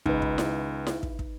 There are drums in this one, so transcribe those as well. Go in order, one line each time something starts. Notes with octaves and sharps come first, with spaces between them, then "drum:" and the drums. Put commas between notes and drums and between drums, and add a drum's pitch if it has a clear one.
C#2 D#4 B4, drum: kick
drum: kick
drum: snare E4
drum: snare E4
drum: kick
drum: kick